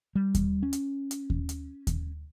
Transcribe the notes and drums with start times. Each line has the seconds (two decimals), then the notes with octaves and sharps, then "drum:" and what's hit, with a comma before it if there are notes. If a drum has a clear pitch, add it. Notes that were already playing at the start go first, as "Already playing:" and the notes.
0.15 G3
0.35 drum: kick D#2, hi-hat
0.63 C#4
0.73 drum: hi-hat
1.11 drum: hi-hat
1.30 drum: kick D#2
1.49 drum: hi-hat
1.87 drum: kick D#2, hi-hat